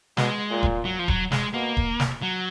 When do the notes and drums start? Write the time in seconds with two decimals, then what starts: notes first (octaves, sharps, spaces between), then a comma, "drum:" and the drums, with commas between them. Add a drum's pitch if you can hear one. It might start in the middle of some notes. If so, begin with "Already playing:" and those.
0.17 B2 G#3, drum: snare
0.51 A#2
0.63 drum: kick D#1
0.85 F#3
0.99 F3
1.08 F#3, drum: kick D#1
1.32 G#3, drum: snare
1.54 B2 A#3
1.77 drum: kick D#1
2.00 drum: snare
2.22 F#3